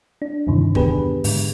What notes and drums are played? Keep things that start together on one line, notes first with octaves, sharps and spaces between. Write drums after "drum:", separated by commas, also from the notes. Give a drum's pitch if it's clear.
D4
E2 G2 C3 D#3 E3
B3 D4 G4 G#4 B4, drum: kick
G#2 D3, drum: open hi-hat